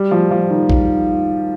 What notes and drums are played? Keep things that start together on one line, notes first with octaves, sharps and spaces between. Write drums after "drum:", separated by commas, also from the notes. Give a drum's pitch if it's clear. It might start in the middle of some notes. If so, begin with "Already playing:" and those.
Already playing: G3
F3
F3
D#3
drum: kick A#1